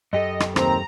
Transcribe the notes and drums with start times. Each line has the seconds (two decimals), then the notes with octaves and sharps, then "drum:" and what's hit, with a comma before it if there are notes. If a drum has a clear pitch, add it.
0.13 F#2 G4 A4 D#5
0.40 drum: rim click
0.56 D#2 C3 C4 A#5, drum: rim click